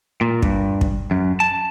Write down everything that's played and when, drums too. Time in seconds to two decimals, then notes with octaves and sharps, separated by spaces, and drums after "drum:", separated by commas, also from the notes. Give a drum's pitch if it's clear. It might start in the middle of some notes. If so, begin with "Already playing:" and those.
0.21 A#2
0.43 G2, drum: kick
0.81 drum: kick
1.11 F#2
1.40 A5